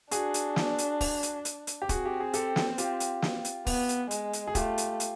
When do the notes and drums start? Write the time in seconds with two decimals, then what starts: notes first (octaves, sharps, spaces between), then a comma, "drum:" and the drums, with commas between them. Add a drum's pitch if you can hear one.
0.11 D4 F#4 G#4, drum: hi-hat
0.34 drum: hi-hat
0.56 drum: snare
0.78 drum: hi-hat
1.01 drum: kick, open hi-hat
1.23 drum: hi-hat
1.45 drum: hi-hat
1.67 drum: hi-hat
1.82 G4
1.89 C4 F#4 G#4, drum: kick, hi-hat
2.05 G4
2.20 G#4
2.33 G4 A4, drum: hi-hat
2.56 drum: snare
2.78 F4 G4, drum: hi-hat
3.00 drum: hi-hat
3.22 drum: snare
3.45 drum: hi-hat
3.67 B3, drum: kick, open hi-hat
3.89 drum: hi-hat
4.11 G#3, drum: hi-hat
4.33 drum: hi-hat
4.48 G#4
4.55 A3 F4 G4, drum: kick, hi-hat
4.78 drum: hi-hat
5.00 drum: hi-hat